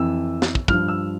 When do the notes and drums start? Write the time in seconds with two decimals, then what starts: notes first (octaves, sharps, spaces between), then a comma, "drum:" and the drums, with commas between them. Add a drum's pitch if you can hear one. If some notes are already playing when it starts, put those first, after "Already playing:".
Already playing: F2 E3 E6
0.42 drum: snare
0.55 drum: kick
0.68 G2 F3 F6, drum: kick
0.88 E6